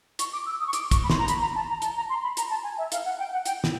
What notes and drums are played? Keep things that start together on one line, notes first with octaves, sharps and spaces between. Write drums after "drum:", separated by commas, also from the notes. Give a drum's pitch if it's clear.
C#6, drum: hi-hat
D6
E6
D#6
C#6
D6, drum: hi-hat
C#6, drum: kick, hi-hat
B5
C6, drum: snare
A#5
B5, drum: hi-hat
A#5
A5
A#5
A5, drum: hi-hat
A#5
C6
B5
A#5, drum: hi-hat
A5
G#5
E5
F5, drum: hi-hat
F#5
G5
F#5
G5, drum: hi-hat
drum: snare